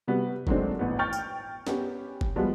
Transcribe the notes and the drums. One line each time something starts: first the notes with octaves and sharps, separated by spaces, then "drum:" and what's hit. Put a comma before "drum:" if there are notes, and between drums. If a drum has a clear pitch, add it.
C3 G3 B3 F#4
D#3 F#3 G#3 A3 C4 D4, drum: kick
A1 B3
G5 C#6 F6 G6 A6
drum: tambourine
B3 C#4 G4, drum: snare
drum: kick
F3 G3 G#3 B3 F#4